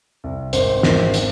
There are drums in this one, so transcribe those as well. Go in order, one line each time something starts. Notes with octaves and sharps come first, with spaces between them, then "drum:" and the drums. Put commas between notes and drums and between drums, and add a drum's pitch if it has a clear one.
C2
G#1 C5, drum: hi-hat
G#1, drum: snare
drum: hi-hat